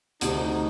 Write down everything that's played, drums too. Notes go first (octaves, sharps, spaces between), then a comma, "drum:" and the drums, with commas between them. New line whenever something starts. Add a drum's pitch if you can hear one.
D2 C3 D#3 D#4, drum: hi-hat